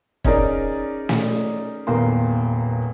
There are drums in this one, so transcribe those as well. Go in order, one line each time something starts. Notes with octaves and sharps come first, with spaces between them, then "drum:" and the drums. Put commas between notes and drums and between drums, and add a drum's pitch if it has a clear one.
C#4 D#4 G#4 A#4 D5, drum: kick
drum: snare
D#1 E2 A#3 C6